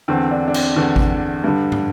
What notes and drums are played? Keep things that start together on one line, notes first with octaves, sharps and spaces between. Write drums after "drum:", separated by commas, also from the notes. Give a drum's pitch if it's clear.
E2 D3 C4
D4
D4
C4, drum: cymbal
E2 D3
drum: kick G#1
G2 D3
drum: tom